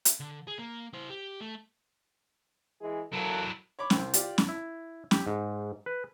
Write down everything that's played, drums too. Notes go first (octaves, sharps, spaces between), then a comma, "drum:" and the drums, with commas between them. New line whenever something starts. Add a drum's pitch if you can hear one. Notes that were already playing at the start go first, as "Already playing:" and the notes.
drum: hi-hat
D3
G#4
A#3
E4 C5
G4
A3
E3 G#3 G#4
F#2 A#2 F#3 E4 A4
C#5 B5 D6
C2 C5 G5, drum: snare C#4
F4 G4 D5, drum: hi-hat
drum: snare C#4
E4
G4, drum: snare C#4
G#2
B4